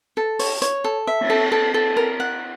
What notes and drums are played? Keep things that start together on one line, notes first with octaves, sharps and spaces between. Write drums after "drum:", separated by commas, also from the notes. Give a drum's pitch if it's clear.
A4
C#5, drum: open hi-hat
C#5, drum: hi-hat
A4
E5
drum: cymbal
A4
A4
A4
A#4
F#5